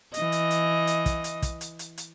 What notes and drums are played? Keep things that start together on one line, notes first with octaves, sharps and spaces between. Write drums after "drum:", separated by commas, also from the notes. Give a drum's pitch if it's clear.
E3 D#5, drum: hi-hat
drum: hi-hat
drum: hi-hat
drum: hi-hat
drum: kick, hi-hat
drum: hi-hat
drum: kick, hi-hat
drum: hi-hat
drum: hi-hat
drum: hi-hat